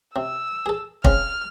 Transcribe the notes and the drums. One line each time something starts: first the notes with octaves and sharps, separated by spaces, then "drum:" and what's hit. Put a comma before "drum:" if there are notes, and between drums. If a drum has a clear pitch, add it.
C3 E6
G#4 A4
C#3 C4 F6, drum: kick